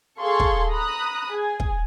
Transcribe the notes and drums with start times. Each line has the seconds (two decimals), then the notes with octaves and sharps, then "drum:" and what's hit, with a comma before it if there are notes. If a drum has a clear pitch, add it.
0.19 G#4 A4 F5 C6 C#6
0.40 drum: kick
0.71 A#5 B5 D#6 F#6
1.30 G#4 G#5
1.60 drum: kick